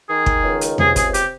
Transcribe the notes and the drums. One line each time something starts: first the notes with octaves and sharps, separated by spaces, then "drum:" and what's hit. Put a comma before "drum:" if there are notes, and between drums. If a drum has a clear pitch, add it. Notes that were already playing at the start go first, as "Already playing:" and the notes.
D#3 G#4
drum: kick
C#2
drum: hi-hat
C3 G#4, drum: tom E2
G#4, drum: kick, hi-hat
G4, drum: hi-hat